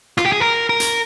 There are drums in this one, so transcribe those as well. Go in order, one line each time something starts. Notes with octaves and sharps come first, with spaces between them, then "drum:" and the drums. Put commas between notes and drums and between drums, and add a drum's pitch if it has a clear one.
F4, drum: rim click
G4
G#4
A#4
A#4
drum: hi-hat